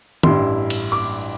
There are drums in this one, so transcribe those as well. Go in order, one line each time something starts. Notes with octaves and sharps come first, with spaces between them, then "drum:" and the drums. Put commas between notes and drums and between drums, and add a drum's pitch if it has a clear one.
A1 G2 G3 E4 C6, drum: tom D#3
drum: cymbal
D6